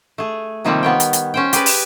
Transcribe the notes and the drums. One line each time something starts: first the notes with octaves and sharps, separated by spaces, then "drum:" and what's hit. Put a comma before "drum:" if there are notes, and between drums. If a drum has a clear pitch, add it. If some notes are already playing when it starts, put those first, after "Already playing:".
A3 G#4
C3 D#3 F3 G3 A#3 C4
B3 C#5 G5
drum: hi-hat
drum: hi-hat
C#4 C5 G5
G4 G#4 B4 D5, drum: hi-hat
drum: open hi-hat